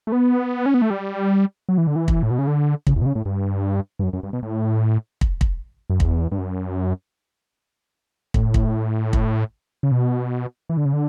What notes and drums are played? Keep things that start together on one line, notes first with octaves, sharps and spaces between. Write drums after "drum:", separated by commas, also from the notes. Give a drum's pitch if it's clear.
A3
B3
C#4
B3
A3
G3
F#3
E3
D3
E3
drum: kick
A2
B2
C#3
D3
C#3, drum: kick
E2
B2
C#3
A2
G2
G2
F#2
F#2
G2
B2
A2
drum: kick
drum: kick
F#2
E2, drum: kick
G2
F#2
A2, drum: kick
drum: kick
drum: kick
C#3
B2
E3
D3
C#3
D3